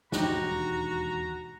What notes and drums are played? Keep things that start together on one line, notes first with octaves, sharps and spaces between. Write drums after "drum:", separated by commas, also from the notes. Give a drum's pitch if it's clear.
E1 D#2 G#2 D4 F#4 G4 A#5, drum: snare